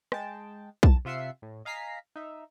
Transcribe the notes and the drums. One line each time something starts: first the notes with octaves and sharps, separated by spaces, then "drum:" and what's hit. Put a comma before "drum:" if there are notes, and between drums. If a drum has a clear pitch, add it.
G#3 G5 A5, drum: rim click
E2 A5 A6, drum: kick B1
C3 F4 E5 F#5 C7
A2
D#5 F5 G#5 A#5 B6 C7
D#4 E5